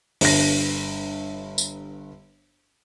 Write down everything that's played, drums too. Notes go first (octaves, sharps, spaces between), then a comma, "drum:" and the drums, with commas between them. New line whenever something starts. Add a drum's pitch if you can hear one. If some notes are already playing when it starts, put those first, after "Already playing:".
G1 G2 A#6, drum: open hi-hat
drum: tambourine